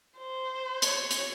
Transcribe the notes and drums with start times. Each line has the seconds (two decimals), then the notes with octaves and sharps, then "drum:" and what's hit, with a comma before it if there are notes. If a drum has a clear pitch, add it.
0.18 C5
0.82 C#5, drum: hi-hat
1.11 drum: hi-hat